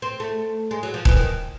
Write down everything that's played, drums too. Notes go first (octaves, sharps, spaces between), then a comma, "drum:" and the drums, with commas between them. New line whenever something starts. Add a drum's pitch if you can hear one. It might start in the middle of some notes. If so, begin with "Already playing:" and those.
C4
A3
G#3
F#3
F3
E3, drum: kick D#1
D#3